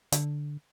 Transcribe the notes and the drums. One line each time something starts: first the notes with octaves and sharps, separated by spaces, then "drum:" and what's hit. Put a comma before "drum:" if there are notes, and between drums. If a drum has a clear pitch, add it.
D3, drum: hi-hat